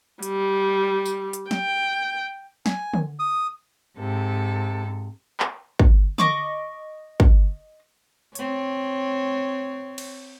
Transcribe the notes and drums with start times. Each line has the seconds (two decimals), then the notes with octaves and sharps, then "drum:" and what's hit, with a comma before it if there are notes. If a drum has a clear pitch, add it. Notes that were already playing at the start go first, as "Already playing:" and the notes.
0.23 G3, drum: hi-hat
1.06 drum: tambourine
1.33 drum: hi-hat
1.51 G5, drum: snare
2.66 G#5, drum: snare
2.94 drum: tom D3
3.19 D#6
3.98 G#2 C3 A4
5.40 drum: clap
5.79 drum: kick
6.18 D#5 C#6 D6, drum: tom D3
7.20 drum: kick
8.35 C4 C#5, drum: hi-hat
9.98 drum: cymbal